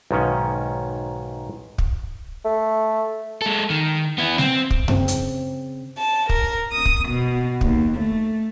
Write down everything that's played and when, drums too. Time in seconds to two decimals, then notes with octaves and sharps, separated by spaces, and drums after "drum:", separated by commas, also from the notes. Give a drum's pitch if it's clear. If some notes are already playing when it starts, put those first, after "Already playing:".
0.11 B1 G#2 D#3 C#4
1.78 drum: kick
2.45 A3
3.42 G#3 A4
3.70 D#3
4.18 B3 E4
4.38 C4, drum: snare G3
4.70 drum: kick
4.88 C#3 C4, drum: tom F#2
5.08 drum: hi-hat
6.00 A5
6.29 A#4, drum: kick
6.72 D#6
6.85 drum: kick
7.09 B2
7.61 D#2, drum: kick
7.97 A3